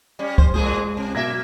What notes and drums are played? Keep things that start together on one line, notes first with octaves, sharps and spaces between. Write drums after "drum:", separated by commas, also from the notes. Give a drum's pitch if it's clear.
G3 C#4
C5, drum: kick
A2 G#3 G#4 C5
C3
F#2 B2 A#3 E5 G#6 A#6